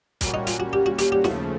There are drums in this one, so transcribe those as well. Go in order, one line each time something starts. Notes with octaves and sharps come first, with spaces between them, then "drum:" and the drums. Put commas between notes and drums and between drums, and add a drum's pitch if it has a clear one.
A#2 G3 A#3 C#4 F#4, drum: kick, hi-hat
D#4
F4, drum: hi-hat
F#4
G4
F#4
G4, drum: hi-hat
G4
D#2 C#3 F3 A3 F#4, drum: snare